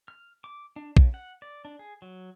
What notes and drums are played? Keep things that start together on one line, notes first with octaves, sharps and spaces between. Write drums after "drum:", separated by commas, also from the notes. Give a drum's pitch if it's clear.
F6
D6
D4
C#3, drum: kick
F#5
D5
D4
G#4
F#3